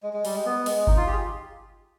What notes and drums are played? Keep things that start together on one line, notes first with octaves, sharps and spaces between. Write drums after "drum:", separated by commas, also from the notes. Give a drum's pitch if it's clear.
G#3
G#3
G3, drum: open hi-hat
G#3
B3
G#3, drum: open hi-hat
D#4, drum: kick G1
F4
G4
G#4